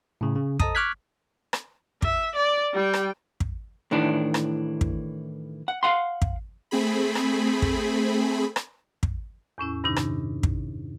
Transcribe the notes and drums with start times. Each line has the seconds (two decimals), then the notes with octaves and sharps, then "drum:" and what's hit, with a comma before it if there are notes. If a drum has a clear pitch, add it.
0.21 A2 C#3
0.36 C#3
0.60 A4 C5 D#5 A5 A#5 D#6, drum: kick
0.75 C#6 D6 F6 F#6 G#6 B6
1.53 drum: rim click
2.02 E5, drum: kick
2.36 D5
2.73 G3 G5
2.94 drum: rim click
3.40 drum: kick
3.91 A2 D#3 E3 D4
4.34 drum: rim click
4.81 drum: kick
5.68 F#5
5.83 F5 F#5 C6
6.22 drum: kick
6.71 A3 C4 G#4 B5
7.15 drum: rim click
7.62 drum: kick
8.56 drum: rim click
9.03 drum: kick
9.58 E2 A2 C#4 E4
9.84 G2 C3 D#3 D4 D#4
9.96 drum: rim click
10.43 drum: kick